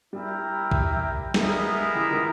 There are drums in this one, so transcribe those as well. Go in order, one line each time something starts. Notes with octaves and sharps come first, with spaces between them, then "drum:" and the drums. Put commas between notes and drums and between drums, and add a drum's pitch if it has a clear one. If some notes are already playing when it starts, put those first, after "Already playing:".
G3 E4 G4 A#4 E5 G5
drum: kick B1
G3 G#3 B3 G4 A#4 E5, drum: snare
E3
D#3